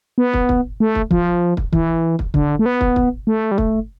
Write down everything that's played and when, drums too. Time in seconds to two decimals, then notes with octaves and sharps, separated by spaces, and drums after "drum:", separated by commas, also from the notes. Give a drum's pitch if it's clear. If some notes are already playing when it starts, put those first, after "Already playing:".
0.18 B3
0.34 drum: kick
0.49 drum: kick
0.80 A3
0.95 drum: kick
1.11 F3, drum: kick
1.57 drum: kick
1.73 E3, drum: kick
2.19 drum: kick
2.34 D3, drum: kick
2.59 A3
2.66 B3
2.81 drum: kick
2.96 drum: kick
3.27 A3
3.51 G3
3.58 A3, drum: kick